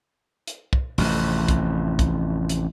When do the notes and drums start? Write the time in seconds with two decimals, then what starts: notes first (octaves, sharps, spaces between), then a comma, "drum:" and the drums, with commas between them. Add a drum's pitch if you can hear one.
0.47 drum: hi-hat
0.73 drum: kick
0.98 A1 F2 C3, drum: open hi-hat
1.48 drum: kick, hi-hat
1.99 drum: kick, hi-hat
2.49 drum: hi-hat